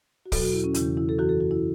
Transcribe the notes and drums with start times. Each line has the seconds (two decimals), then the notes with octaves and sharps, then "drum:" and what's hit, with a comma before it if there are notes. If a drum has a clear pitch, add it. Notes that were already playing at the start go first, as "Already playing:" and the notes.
0.26 F#4
0.32 E2 B2 F#3 A4, drum: kick, open hi-hat
0.42 F#4
0.53 E4
0.64 C#4
0.74 E2 C#3 E3 E4, drum: hi-hat
0.97 E4
1.09 A4
1.19 F#2 E3 F#4
1.29 A4
1.40 F#4
1.51 E4